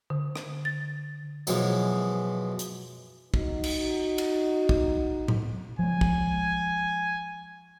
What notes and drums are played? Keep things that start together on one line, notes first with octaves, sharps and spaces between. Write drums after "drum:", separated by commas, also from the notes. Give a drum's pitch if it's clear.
D3
drum: rim click
A6
F#2 B2 E3 F3 G#3, drum: tambourine
drum: hi-hat
D#4 F#4, drum: kick
drum: cymbal
drum: cymbal
drum: kick
drum: tom A2
F3 G#3 G#5
drum: kick